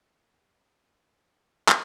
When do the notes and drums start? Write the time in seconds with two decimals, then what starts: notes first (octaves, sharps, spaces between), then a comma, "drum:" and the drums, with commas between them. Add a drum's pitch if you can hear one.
0.07 B5 C6 E6 F#6 G#6
0.41 A4 C#5 D5 B5 D#6 F6
1.26 C#6
1.69 drum: clap